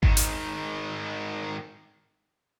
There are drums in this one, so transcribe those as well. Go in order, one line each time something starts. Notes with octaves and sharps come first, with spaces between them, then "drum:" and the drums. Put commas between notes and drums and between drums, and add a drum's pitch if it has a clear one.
G#2 D#3, drum: kick G#1
drum: hi-hat